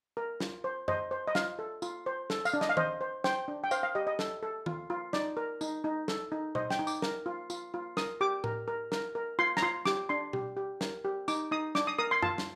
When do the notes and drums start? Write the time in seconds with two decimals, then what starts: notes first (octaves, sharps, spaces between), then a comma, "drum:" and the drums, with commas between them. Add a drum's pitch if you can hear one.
0.17 A#4
0.40 F4, drum: snare
0.64 C5
0.88 C5 D#5, drum: tom F#2
1.11 C5
1.27 D#5
1.35 F4 F5, drum: snare
1.59 A4
1.82 F4, drum: tambourine
2.06 C5
2.30 A4, drum: snare
2.45 F5, drum: tambourine
2.53 D4
2.61 D#5, drum: snare
2.69 F5
2.77 C5 D#5, drum: tom D#3
3.01 C5
3.24 C5 G5, drum: snare
3.48 D4
3.64 G5
3.71 C5 F5, drum: tambourine
3.83 F5
3.95 G4 D#5
4.07 D#5
4.19 A4, drum: snare
4.43 A4
4.66 F4, drum: tom D#3
4.90 F4
5.13 D#4 D5, drum: snare
5.37 A#4
5.61 D#4, drum: tambourine
5.84 D#4
6.08 A4, drum: snare
6.32 D#4
6.55 C5 D#5, drum: tom B2
6.70 G5, drum: snare
6.79 D#4
6.87 D6, drum: tambourine
7.02 A#4, drum: snare
7.26 F4
7.50 F4, drum: tambourine
7.74 F4
7.97 A#4 D#6, drum: snare
8.21 G4 D6
8.44 A#4, drum: tom A2
8.68 A#4
8.92 A#4, drum: snare
9.15 A#4
9.39 F4 C6
9.57 A#5, drum: snare
9.62 F4 C6
9.85 G4 D6, drum: snare
10.09 D4 C6
10.33 G4, drum: tom B2
10.57 G4
10.81 A#4, drum: snare
11.04 G4
11.28 D#4 D6, drum: tambourine
11.51 D#4 D#6
11.75 D4 D6, drum: snare
11.87 D#6
11.98 A#4 D#6
12.11 C6
12.22 F4 A5, drum: tom F#2
12.38 drum: snare